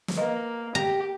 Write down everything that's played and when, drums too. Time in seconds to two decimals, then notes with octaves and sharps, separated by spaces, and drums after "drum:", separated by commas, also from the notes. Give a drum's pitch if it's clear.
0.08 drum: snare
0.18 A#3 B4 D#5
0.75 G4 A#5